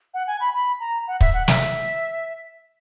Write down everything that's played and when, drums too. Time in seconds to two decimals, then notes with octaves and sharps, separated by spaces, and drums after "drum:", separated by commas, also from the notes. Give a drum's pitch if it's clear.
0.14 F#5
0.27 G#5
0.40 B5
0.53 B5
0.80 A#5
1.07 F#5
1.21 E5, drum: kick
1.34 F#5
1.48 E5, drum: snare